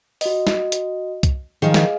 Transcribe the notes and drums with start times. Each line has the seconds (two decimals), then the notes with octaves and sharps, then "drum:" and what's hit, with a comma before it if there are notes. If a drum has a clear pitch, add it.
0.21 F#4 D#5, drum: open hi-hat
0.47 drum: snare
0.72 drum: hi-hat
1.23 drum: kick C2, hi-hat
1.62 D#3 F3 G#4 D#5 F5
1.74 drum: snare